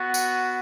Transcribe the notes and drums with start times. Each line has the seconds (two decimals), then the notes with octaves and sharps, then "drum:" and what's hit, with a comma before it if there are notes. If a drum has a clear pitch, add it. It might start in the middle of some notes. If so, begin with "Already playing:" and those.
Already playing: B3 F#4
0.14 drum: tambourine